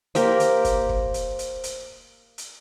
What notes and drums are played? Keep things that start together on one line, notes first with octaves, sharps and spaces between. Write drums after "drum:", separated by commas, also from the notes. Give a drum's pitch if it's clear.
A#3 G4 A#4 C5, drum: hi-hat
drum: hi-hat
drum: kick, hi-hat
drum: kick
drum: hi-hat
drum: hi-hat
drum: hi-hat
drum: hi-hat